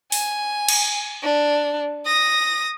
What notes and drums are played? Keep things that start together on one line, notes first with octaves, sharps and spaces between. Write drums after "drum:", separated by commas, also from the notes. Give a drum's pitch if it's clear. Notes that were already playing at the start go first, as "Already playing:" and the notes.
G#5, drum: open hi-hat
drum: cymbal
D4
D#6 A#6